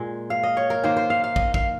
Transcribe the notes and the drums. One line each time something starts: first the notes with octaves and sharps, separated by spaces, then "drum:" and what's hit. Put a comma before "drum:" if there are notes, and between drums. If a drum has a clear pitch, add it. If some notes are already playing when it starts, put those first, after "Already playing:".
Already playing: A#2 G#3
F5
D#5
C#5
A#4
D#3 A#3 C5
C5
F5
F5
D#5, drum: kick
F5, drum: kick